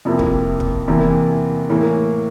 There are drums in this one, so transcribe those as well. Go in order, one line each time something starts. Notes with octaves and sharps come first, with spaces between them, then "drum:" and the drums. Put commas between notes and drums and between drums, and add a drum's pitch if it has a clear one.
F2 C3 F3 A#3 E4
drum: kick
drum: kick
E2 C3 E3 A#3 E4
A2 E3 A#3